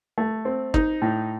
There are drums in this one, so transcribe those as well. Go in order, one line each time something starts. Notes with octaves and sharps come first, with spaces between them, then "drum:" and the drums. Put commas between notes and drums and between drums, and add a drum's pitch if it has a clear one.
A3
C4
D#4, drum: kick
A2